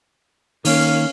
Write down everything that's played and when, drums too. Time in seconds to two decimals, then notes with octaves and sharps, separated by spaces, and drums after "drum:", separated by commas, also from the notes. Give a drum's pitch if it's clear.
0.65 D#3 A#3 C#4 F5, drum: open hi-hat